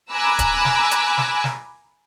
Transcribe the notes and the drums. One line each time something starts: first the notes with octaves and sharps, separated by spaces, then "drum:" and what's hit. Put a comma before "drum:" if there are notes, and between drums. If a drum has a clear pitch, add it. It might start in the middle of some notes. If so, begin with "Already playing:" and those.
G#5 A#5 B5 D6 E6 F#6
drum: kick D1, hi-hat
drum: snare
drum: hi-hat
drum: snare
drum: snare